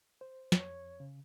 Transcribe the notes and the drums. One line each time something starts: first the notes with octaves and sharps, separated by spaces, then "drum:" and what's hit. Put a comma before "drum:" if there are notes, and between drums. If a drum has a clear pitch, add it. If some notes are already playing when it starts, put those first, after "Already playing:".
C5
F2 C#5, drum: snare
C#3